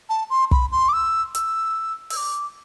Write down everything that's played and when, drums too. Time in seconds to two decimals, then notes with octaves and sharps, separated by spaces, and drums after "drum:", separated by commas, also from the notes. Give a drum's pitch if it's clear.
0.09 A5
0.30 C6
0.51 B5, drum: kick
0.72 C6
0.89 D6
0.93 E6
1.35 E6, drum: hi-hat
2.10 E6, drum: open hi-hat
2.17 D6